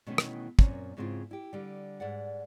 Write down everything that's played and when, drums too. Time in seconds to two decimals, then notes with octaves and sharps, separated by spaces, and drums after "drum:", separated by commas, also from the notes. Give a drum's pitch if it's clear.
0.07 B2 D#3 E3 A3 C#4
0.18 drum: rim click
0.59 F#2 A#2 A#3 C4 C#4, drum: kick
0.97 G#2 C#3 C4 E4 F4
1.31 E4 G4
1.53 D3 G3
2.00 G#2 D5 F#5